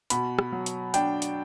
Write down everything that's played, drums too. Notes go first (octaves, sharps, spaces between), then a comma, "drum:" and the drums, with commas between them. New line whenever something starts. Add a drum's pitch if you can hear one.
B2 B5, drum: hi-hat
drum: rim click
F#3
drum: hi-hat
D4 G5, drum: hi-hat
drum: hi-hat